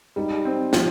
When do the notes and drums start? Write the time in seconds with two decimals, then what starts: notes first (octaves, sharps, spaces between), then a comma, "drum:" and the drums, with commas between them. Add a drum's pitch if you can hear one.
0.16 G3 D#4
0.45 C4
0.73 F3 F4, drum: snare